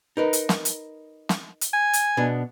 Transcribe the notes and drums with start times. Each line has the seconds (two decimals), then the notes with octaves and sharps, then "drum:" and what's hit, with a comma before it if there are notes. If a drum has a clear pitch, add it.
0.17 D#4 A#4 B4
0.33 drum: hi-hat
0.49 drum: snare
0.65 drum: hi-hat
1.29 drum: snare
1.61 drum: hi-hat
1.74 G#5
1.93 drum: hi-hat
2.17 B2 B3 D4